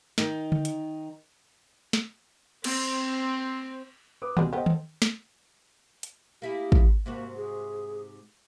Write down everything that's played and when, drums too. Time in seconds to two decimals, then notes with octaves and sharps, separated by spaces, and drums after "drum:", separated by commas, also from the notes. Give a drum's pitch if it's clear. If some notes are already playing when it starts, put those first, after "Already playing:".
0.18 D#3 D#4, drum: snare
0.52 drum: tom D3
0.65 drum: hi-hat
1.93 drum: snare
2.64 C4, drum: cymbal
4.22 B4 D6 D#6
4.37 C#2 B2 G3 G#3 B4, drum: tom D#3
4.53 B3 G4 A4 C5 D#5
4.66 drum: tom D#3
5.02 drum: snare
6.03 drum: hi-hat
6.42 A#3 E4 G4 G#4
6.72 drum: kick
7.06 G#2 C3 A#3 F#4
7.37 G#4